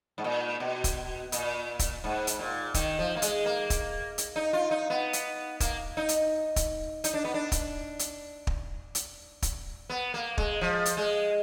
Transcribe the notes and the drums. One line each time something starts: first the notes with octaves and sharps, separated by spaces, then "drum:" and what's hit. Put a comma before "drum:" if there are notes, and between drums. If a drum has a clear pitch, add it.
G#2
A#2
B2
drum: kick, hi-hat
A#2, drum: hi-hat
drum: kick, hi-hat
G#2
drum: hi-hat
A#2
D#3, drum: kick, hi-hat
F3
A#3
G#3, drum: hi-hat
A#3
drum: kick, hi-hat
drum: hi-hat
D#4
F4
D#4
B3
drum: hi-hat
A#3, drum: kick, hi-hat
D#4
drum: hi-hat
drum: kick, hi-hat
D#4, drum: hi-hat
D4
B3
D4
drum: kick, hi-hat
drum: hi-hat
drum: kick
drum: hi-hat
drum: kick, hi-hat
B3
A#3
G#3, drum: kick
F3
drum: hi-hat
G#3